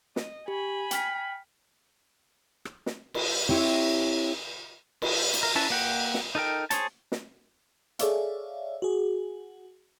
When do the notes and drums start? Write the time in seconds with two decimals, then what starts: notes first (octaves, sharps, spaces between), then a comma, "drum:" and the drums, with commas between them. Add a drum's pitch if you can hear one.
0.16 D#5, drum: snare
0.48 G4 G#5 B5
0.91 G5 F6 B6, drum: hi-hat
2.65 drum: rim click
2.86 drum: snare
3.14 drum: cymbal
3.49 C4 E4 G4 C#5
5.02 drum: cymbal
5.33 drum: hi-hat
5.43 A#4
5.55 C#4 E4 B4 A5
5.70 A#3 F#5 G5
6.14 drum: snare
6.35 D#4 A4 A#4 G5
6.70 G#4 C5 C#5 A5, drum: hi-hat
7.12 drum: snare
7.99 G#4 A4 C#5 D5 E5 F5, drum: hi-hat
8.82 F#4 G#4